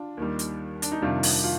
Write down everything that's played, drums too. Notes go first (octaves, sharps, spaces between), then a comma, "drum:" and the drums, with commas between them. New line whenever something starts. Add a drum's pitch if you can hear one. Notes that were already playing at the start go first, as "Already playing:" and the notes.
Already playing: D4 F4
D#2 D#3 G3
drum: hi-hat
D4, drum: hi-hat
D#4
F2 C3 D#3 G3 D4 F4
drum: open hi-hat
F4